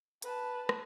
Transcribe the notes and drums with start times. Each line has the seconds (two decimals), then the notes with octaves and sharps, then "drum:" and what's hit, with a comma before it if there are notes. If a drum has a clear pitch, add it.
0.22 B4 A5, drum: hi-hat
0.69 drum: rim click